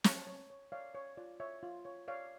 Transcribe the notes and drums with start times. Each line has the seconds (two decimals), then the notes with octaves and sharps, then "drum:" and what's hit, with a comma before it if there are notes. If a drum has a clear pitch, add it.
0.04 C#5 A5 C#6, drum: snare
0.27 C#5
0.50 C#5
0.72 C#5 D5 F5
0.95 C#5
1.17 F4 D5
1.40 C#5 E5
1.63 F4
1.85 C#5
2.08 C#5 D5 F5